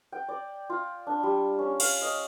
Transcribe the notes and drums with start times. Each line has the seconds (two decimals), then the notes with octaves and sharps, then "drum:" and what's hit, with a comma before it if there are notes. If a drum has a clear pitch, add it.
0.12 G5
0.28 D5
0.70 F4
1.07 D4
1.23 G3
1.59 C#4
1.80 F5, drum: cymbal
2.02 D#5